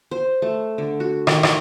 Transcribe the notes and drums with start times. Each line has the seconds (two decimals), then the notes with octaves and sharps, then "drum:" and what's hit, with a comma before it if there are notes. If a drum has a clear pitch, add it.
0.11 C5
0.42 A3
0.78 D3
1.00 F#4
1.27 D#3, drum: rim click
1.43 drum: rim click